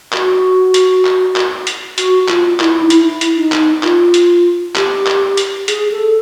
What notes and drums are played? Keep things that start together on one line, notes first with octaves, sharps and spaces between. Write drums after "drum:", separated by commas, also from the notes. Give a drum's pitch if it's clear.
F#4, drum: clap
drum: hi-hat
drum: clap
drum: clap
drum: hi-hat
F#4, drum: hi-hat
F4, drum: clap
E4, drum: clap
D#4
E4, drum: hi-hat
drum: hi-hat
D#4
drum: clap
F4, drum: clap
drum: hi-hat
G4, drum: clap
drum: clap
drum: hi-hat
G#4, drum: hi-hat
A4